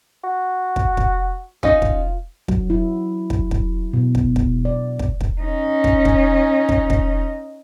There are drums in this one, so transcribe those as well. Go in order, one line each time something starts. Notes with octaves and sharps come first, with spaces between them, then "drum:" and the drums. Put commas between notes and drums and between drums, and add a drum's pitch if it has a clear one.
F#4
drum: kick
drum: kick
C#4 D#4 F4 D#5, drum: kick
drum: kick
F#3, drum: kick
E4
drum: kick
drum: kick
B2
drum: kick
drum: kick
D5
drum: kick
drum: kick
C#4 D#4
drum: kick
drum: kick
drum: kick
drum: kick